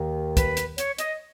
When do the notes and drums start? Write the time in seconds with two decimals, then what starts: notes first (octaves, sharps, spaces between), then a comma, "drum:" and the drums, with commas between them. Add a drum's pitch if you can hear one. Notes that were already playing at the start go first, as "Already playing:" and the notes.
Already playing: D#2 D#3
0.37 B4, drum: kick, hi-hat
0.57 drum: hi-hat
0.78 C#5, drum: hi-hat
0.98 D#5, drum: hi-hat